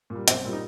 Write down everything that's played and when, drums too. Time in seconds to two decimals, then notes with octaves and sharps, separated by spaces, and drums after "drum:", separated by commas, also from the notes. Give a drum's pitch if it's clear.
0.10 A#2
0.15 G3
0.28 B1 C4, drum: hi-hat
0.45 A#2 G3
0.53 D#4